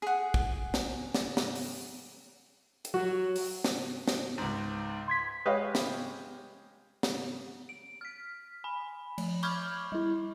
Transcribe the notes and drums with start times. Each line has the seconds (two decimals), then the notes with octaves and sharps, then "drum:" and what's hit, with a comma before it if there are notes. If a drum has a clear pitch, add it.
0.02 G#4 F#5
0.34 drum: kick
0.74 drum: snare
1.15 drum: snare
1.37 drum: snare
1.55 drum: open hi-hat
2.85 drum: hi-hat
2.94 F#3 F#4
3.36 drum: open hi-hat
3.64 drum: snare
4.08 drum: snare
4.38 C#2 G#2
5.08 C6 G#6 B6
5.45 G#3 G4 B4 C#5 D#5 F5
5.75 drum: snare
7.03 drum: snare
7.69 D7
8.01 F6 B6
8.64 G#5 B5
9.18 F3, drum: cymbal
9.43 B5 C#6 D6 F6 G6 G#6, drum: cymbal
9.92 G3 E4